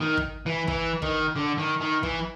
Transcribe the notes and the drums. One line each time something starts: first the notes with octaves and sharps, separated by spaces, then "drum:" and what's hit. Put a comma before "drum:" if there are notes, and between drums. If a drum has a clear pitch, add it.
D#3
drum: kick
E3
E3, drum: kick
D#3, drum: kick
D3
D#3
D#3
E3, drum: kick